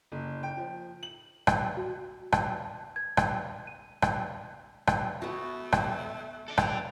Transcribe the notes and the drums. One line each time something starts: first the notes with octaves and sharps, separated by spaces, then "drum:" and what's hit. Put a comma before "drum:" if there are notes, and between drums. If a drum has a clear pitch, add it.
F#1
G5
F3
F#7
drum: rim click
F#4
A5, drum: rim click
G#6
drum: rim click
D#7
drum: rim click
drum: rim click
A3 B3 F#4
drum: rim click
A4 D5
drum: rim click